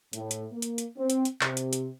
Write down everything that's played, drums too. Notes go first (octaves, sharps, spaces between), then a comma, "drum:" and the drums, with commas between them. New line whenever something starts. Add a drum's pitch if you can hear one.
A2, drum: hi-hat
drum: hi-hat
A#3
drum: hi-hat
drum: hi-hat
C4
drum: hi-hat
drum: hi-hat
C3, drum: clap
drum: hi-hat
drum: hi-hat